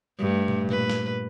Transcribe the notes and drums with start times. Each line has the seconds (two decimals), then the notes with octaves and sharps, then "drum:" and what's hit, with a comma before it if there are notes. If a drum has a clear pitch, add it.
0.19 G2 A3
0.48 drum: tom
0.69 A#2 B4, drum: tom
0.90 drum: snare